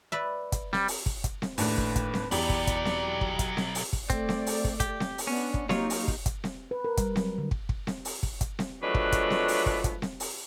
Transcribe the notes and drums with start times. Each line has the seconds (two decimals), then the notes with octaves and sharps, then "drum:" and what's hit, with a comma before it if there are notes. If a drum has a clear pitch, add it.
0.12 B4 D5 E5
0.52 drum: kick, hi-hat
0.73 G3, drum: snare C4
0.88 drum: open hi-hat
1.06 drum: kick
1.24 drum: kick, hi-hat
1.42 drum: snare C4
1.58 D#2 A2 A3 D4 B4 F#6, drum: open hi-hat
1.78 drum: kick
1.96 drum: kick, hi-hat
2.14 drum: snare C4
2.31 B1 E2 F#3 G4 D5 G5 B5, drum: open hi-hat
2.49 drum: kick
2.67 drum: kick, hi-hat
2.85 drum: snare C4
3.21 drum: kick
3.39 drum: kick, hi-hat
3.57 drum: snare C4
3.75 drum: open hi-hat
3.93 drum: kick
4.10 A3 C4 D5, drum: kick, hi-hat
4.29 drum: snare C4
4.47 drum: open hi-hat
4.64 drum: kick
4.80 G4, drum: kick, hi-hat
5.00 drum: snare C4
5.18 drum: open hi-hat
5.27 B3 C#4 D4
5.54 drum: kick
5.69 F#3 A#3 D#4 F4 G4 C#5, drum: snare C4
5.90 drum: open hi-hat
6.08 drum: kick
6.26 drum: kick, hi-hat
6.44 drum: snare C4
6.71 B4
6.85 A#4
6.97 G3, drum: kick, hi-hat
7.16 F#3, drum: snare C4
7.38 D3
7.51 drum: kick
7.69 drum: kick
7.87 drum: snare C4
8.05 drum: open hi-hat
8.23 drum: kick
8.41 drum: kick, hi-hat
8.59 drum: snare C4
8.83 F3 F#3 G#3 A3 D4 B4
8.95 drum: kick
9.12 drum: kick, hi-hat
9.30 drum: snare C4
9.48 drum: open hi-hat
9.66 drum: kick
9.84 drum: kick, hi-hat
10.02 drum: snare C4
10.20 drum: open hi-hat